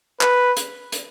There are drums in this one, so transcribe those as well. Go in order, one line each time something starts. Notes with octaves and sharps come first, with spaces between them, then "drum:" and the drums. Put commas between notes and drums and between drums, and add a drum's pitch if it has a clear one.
B4, drum: clap
drum: hi-hat
drum: hi-hat